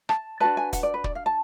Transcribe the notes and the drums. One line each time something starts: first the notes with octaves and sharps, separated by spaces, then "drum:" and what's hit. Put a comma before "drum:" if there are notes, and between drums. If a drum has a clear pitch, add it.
A5, drum: rim click
D4 F#4 B4 A5
G#5
F#5, drum: kick, hi-hat
D5
B4
D5, drum: kick
F5
A5